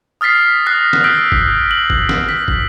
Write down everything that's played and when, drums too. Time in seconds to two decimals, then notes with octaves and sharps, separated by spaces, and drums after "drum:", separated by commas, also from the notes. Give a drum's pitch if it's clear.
0.21 D#6 F6 A6 B6 C7
0.66 D#6 F#6 A#6 C7
0.93 drum: snare
1.04 E6 G6 B6 D7 G7
1.32 drum: kick
1.71 F#7
1.90 drum: kick
2.09 drum: snare
2.29 B6
2.48 drum: kick